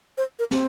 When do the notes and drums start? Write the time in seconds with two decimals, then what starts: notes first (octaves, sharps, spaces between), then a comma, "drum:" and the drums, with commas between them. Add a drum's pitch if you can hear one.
0.18 C5
0.39 A#4
0.51 C4, drum: snare